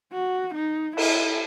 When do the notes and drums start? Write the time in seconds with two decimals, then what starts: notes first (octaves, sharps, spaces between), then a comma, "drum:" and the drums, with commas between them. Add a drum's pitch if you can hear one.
0.13 F#4
0.55 D#4
0.97 E4, drum: cymbal